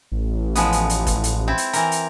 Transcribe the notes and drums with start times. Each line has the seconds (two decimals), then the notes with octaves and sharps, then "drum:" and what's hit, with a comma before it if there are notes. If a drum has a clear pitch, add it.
0.12 A1
0.56 F3 G#3 B3, drum: hi-hat
0.73 drum: hi-hat
0.90 drum: hi-hat
1.07 drum: kick G1, hi-hat
1.24 drum: hi-hat
1.48 C4 E4
1.58 drum: hi-hat
1.73 E3 A#4, drum: hi-hat
1.92 drum: hi-hat